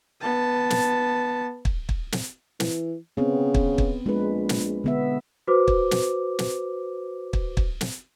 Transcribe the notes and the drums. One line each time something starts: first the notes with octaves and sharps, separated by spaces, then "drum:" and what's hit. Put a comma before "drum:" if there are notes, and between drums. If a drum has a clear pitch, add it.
B3 A5
drum: snare
drum: kick
drum: kick
drum: snare
E3, drum: snare
C#3 B3 C4
drum: kick
drum: kick
A#1 G#3 B4
drum: snare
D3 B3 E5
F#4 B4 C5 D6
drum: kick
drum: snare
drum: snare
drum: kick
drum: kick
drum: snare